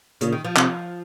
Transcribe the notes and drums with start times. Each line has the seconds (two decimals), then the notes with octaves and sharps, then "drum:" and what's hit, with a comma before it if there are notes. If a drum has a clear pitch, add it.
0.21 A#2 C#3, drum: hi-hat
0.32 D#3
0.45 F3
0.56 C3, drum: clap